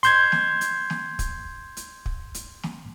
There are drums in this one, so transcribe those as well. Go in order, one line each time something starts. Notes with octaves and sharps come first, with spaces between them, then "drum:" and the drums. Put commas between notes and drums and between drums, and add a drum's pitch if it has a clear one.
C6 G6 G#6, drum: hi-hat
drum: snare
drum: hi-hat
drum: snare
drum: kick, hi-hat
drum: hi-hat
drum: kick
drum: hi-hat
drum: snare